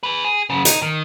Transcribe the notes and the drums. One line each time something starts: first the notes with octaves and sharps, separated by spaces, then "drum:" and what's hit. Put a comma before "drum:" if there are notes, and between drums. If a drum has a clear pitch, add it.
G#4 B4
G#4
F#2 C#3
D#4, drum: hi-hat
D#3